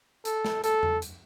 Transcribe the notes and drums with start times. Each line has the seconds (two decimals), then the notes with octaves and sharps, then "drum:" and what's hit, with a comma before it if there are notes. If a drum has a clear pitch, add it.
0.25 A4, drum: hi-hat
0.45 drum: snare
0.64 A4, drum: hi-hat
0.83 drum: tom E2
1.02 drum: hi-hat